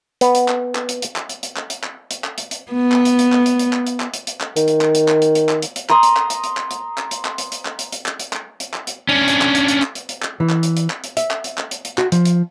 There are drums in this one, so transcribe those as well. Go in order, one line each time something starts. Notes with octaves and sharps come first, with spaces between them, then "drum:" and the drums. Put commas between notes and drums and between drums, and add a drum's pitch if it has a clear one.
B3, drum: hi-hat
drum: hi-hat
drum: clap
drum: clap
drum: hi-hat
drum: hi-hat
drum: clap
drum: hi-hat
drum: hi-hat
drum: clap
drum: hi-hat
drum: clap
drum: hi-hat
drum: clap
drum: hi-hat
drum: hi-hat
B3
drum: clap
drum: hi-hat
drum: hi-hat
drum: clap
drum: hi-hat
drum: hi-hat
drum: clap
drum: hi-hat
drum: clap
drum: hi-hat
drum: hi-hat
drum: clap
D#3, drum: hi-hat
drum: hi-hat
drum: clap
drum: hi-hat
drum: clap
drum: hi-hat
drum: hi-hat
drum: clap
drum: hi-hat
drum: hi-hat
A#5 C6 D#6, drum: clap
drum: hi-hat
drum: clap
drum: hi-hat
drum: hi-hat
drum: clap
drum: hi-hat
drum: clap
drum: hi-hat
drum: clap
drum: hi-hat
drum: hi-hat
drum: clap
drum: hi-hat
drum: hi-hat
drum: clap
drum: hi-hat
drum: clap
drum: hi-hat
drum: clap
drum: hi-hat
C#4 D4
drum: hi-hat
drum: clap
drum: hi-hat
drum: hi-hat
drum: clap
drum: hi-hat
drum: hi-hat
drum: clap
E3
drum: clap
drum: hi-hat
drum: hi-hat
drum: clap
drum: hi-hat
E5, drum: hi-hat
drum: clap
drum: hi-hat
drum: clap
drum: hi-hat
drum: hi-hat
F#4, drum: clap
F3, drum: hi-hat
drum: hi-hat